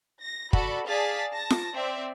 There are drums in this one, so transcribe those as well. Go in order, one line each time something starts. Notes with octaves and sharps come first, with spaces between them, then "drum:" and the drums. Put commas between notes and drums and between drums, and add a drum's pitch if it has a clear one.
A#6
F#4 A4 D5 B5, drum: kick
G#4 D5 F5 A5 A6 B6
A5 A#6
drum: snare F4
C4 D5 E5